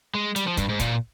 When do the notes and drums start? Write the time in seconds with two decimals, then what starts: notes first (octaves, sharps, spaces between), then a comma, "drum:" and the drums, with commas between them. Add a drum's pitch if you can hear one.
0.15 G#3
0.36 G3, drum: hi-hat
0.47 F3
0.57 G2, drum: kick, hi-hat
0.69 G#2
0.80 A#2, drum: kick, hi-hat